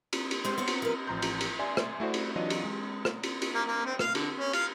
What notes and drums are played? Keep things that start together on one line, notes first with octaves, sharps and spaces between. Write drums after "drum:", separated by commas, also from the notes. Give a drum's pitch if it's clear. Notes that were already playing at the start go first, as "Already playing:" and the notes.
drum: cymbal
drum: cymbal
G#3 C4 G4 C6
B3 C4 C#5
drum: cymbal
F3 A#4 B4
A1 F3 A#5 C6 G6
drum: cymbal
drum: cymbal
D5 E5 G#5 C6
drum: rim click
A3 E4 F#4 C5 D5
drum: cymbal
E3 F#3 D4 F4 D#5
drum: cymbal
G#3
drum: rim click
drum: cymbal
drum: cymbal
A#3
A#3
C4
F5, drum: rim click
D3, drum: cymbal
C#4
F5, drum: cymbal